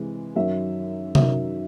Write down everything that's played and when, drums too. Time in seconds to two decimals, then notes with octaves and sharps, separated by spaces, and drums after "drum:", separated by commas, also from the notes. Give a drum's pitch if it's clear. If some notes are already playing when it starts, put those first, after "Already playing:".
Already playing: C3 E3 G#3
0.36 F#2 D#3 F#3 E5
1.15 F#2 D#3 F#3 E5, drum: tom C3